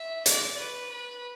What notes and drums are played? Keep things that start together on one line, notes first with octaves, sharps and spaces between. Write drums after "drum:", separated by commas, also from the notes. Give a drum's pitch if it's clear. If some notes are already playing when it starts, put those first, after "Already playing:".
Already playing: E5
D5, drum: hi-hat
B4
B4